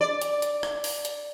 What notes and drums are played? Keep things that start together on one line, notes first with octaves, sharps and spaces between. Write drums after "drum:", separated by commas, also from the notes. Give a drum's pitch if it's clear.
D5
drum: hi-hat
drum: hi-hat
drum: rim click
drum: open hi-hat
drum: hi-hat